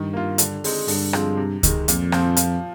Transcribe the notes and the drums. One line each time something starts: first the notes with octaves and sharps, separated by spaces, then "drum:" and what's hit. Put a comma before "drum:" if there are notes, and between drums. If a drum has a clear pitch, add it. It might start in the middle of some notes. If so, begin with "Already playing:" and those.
Already playing: G2 D#3
A#3 F4
D3, drum: hi-hat
G#3 C4 D#4, drum: open hi-hat
G2 D3, drum: open hi-hat
F3 G#3 C4, drum: rim click
C3
D#3 G#3, drum: kick C#2, hi-hat
F2 A#2, drum: hi-hat
F3 C4, drum: rim click
F3, drum: hi-hat